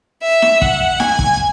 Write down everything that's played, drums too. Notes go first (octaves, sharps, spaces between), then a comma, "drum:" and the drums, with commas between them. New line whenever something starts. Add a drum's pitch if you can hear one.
E5
drum: snare D#4
F#5, drum: kick
G#5, drum: snare D#4
drum: kick